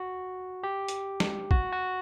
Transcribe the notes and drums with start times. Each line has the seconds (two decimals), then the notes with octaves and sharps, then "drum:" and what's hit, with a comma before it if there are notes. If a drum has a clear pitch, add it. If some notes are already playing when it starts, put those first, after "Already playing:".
Already playing: F#4
0.63 G4
0.88 drum: hi-hat
1.20 drum: snare
1.51 F#4, drum: kick
1.72 F#4